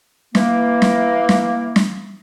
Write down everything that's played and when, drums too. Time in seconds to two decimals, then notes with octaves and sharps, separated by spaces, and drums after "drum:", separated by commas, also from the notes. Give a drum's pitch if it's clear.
0.35 E3 A#3, drum: snare
0.82 drum: snare
1.29 drum: snare
1.76 drum: snare